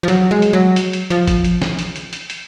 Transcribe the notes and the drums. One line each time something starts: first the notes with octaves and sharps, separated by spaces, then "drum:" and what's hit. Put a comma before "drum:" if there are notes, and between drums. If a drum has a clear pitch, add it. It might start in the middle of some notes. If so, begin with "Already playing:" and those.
F3
F#3, drum: hi-hat
G#3
drum: hi-hat
F#3
drum: hi-hat
drum: hi-hat
F3, drum: hi-hat
drum: kick G#1, hi-hat
drum: hi-hat
drum: snare
drum: hi-hat
drum: hi-hat
drum: hi-hat
drum: hi-hat